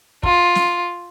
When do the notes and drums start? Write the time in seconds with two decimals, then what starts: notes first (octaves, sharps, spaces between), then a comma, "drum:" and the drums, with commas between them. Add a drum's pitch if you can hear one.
0.23 F4, drum: kick
0.55 drum: snare